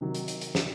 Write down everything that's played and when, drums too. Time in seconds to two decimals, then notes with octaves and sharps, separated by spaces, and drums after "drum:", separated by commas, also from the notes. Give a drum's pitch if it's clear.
0.01 C3 D#3 F#3
0.15 drum: hi-hat
0.28 drum: hi-hat
0.41 drum: hi-hat
0.55 drum: snare